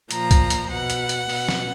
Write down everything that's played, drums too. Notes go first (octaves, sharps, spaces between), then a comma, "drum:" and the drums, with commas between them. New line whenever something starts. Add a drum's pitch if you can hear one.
A#2 F3 A#5, drum: hi-hat
drum: kick, hi-hat
drum: hi-hat
B2 F#5
drum: hi-hat
drum: hi-hat
B2, drum: open hi-hat
drum: snare